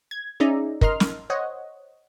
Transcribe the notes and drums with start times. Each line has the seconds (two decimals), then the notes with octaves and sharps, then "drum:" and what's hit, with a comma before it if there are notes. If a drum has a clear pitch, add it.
0.11 G#6
0.40 C#4 D#4 G#4 D5 E5 A#5
0.81 A#4 D#5 C6 F6, drum: kick
1.00 drum: snare
1.30 C5 C#5 D#5 F#5